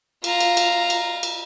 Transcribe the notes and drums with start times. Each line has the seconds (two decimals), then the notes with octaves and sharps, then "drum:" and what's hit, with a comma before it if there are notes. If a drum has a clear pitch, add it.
0.24 F4 A#5, drum: cymbal
0.40 drum: cymbal
0.57 drum: cymbal
0.90 drum: cymbal
1.23 drum: cymbal